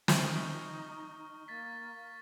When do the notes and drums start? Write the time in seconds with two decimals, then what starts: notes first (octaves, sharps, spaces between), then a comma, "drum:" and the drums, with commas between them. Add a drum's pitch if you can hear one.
0.08 D#4 C#6 F6, drum: snare
1.48 A#3 A6 B6